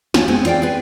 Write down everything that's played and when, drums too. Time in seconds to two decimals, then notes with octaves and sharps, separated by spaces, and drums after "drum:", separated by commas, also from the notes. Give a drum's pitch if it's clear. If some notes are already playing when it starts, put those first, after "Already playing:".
0.14 B3 F4 C#5 G#5, drum: snare
0.28 G#3 B3 C4 G#5
0.45 F4 D5 F5 G5
0.62 G#4 B4